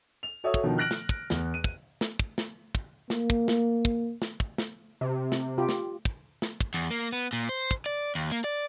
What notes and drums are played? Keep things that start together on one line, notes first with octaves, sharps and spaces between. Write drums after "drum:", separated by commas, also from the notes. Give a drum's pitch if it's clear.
F7
F#4 A4 C#5 E5 D#6
drum: kick
B2 D3 D#3 F3
F6 F#6 A#6 D7 F#7
drum: snare
drum: kick
E2, drum: snare
D#7
drum: kick
drum: snare
drum: kick
drum: snare
drum: kick
A#3, drum: snare
drum: kick
drum: snare
drum: kick
drum: snare
drum: kick
drum: snare
C3
drum: snare
F4 G4
drum: snare
drum: kick
drum: snare
drum: kick
E2
A#3
B3
A#2
C5
drum: kick
D5
D#2
A#3
D5